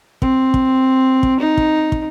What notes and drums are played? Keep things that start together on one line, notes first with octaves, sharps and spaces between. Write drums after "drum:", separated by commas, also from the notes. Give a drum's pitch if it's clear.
C4, drum: kick
drum: kick
drum: kick
D#4
drum: kick
drum: kick